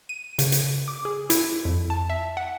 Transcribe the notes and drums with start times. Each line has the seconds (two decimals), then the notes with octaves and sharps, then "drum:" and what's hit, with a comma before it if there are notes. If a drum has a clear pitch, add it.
0.09 D#7
0.39 C#3, drum: hi-hat
0.52 drum: hi-hat
0.88 D6
1.05 G#4
1.30 E4, drum: hi-hat
1.65 F2
1.90 A5
2.10 E5
2.37 F#5